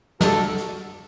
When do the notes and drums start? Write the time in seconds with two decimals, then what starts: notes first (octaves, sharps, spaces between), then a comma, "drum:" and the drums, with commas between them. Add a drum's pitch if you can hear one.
0.21 F#4 A4, drum: snare
0.58 drum: hi-hat